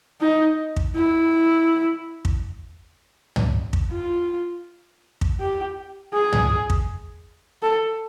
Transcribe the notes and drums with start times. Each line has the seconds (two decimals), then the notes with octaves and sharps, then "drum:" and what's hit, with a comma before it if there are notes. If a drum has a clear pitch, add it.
0.21 D#4
0.76 drum: kick
0.95 E4
2.25 drum: kick
3.36 drum: tom
3.73 drum: kick
3.91 F4
5.21 drum: kick
5.40 G4
6.14 G#4
6.33 drum: tom
6.70 drum: kick
7.63 A4